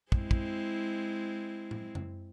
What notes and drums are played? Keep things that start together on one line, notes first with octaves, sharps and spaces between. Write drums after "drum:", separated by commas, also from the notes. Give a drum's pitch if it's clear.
G#3 C4 E4, drum: kick
drum: kick
drum: tom A2
drum: tom F#2